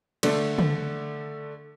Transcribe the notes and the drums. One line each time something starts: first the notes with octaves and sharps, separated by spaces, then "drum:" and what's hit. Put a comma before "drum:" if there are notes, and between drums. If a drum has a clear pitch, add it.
D3 A3, drum: cymbal
drum: tom